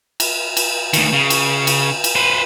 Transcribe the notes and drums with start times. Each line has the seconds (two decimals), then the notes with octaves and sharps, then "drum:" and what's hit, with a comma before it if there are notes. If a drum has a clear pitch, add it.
0.20 drum: cymbal
0.57 drum: cymbal
0.93 D2 D#3, drum: cymbal
1.13 C#3
1.30 drum: cymbal
1.67 drum: cymbal
2.04 drum: cymbal
2.15 B4 C5